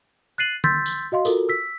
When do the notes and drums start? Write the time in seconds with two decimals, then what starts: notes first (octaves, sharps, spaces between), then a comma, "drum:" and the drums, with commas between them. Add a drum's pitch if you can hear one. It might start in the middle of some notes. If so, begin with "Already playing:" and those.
0.38 F#6 A6 C7 D#7 F#7
0.64 C6 E6 G6 A6 B6, drum: tom D3
0.86 drum: tambourine
1.12 F#4 D#5 F5 C6
1.25 F4 F#4 A4 A#4, drum: tambourine
1.49 E6 B6